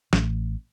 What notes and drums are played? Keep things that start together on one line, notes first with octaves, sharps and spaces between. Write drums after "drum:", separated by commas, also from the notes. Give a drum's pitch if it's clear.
A1, drum: snare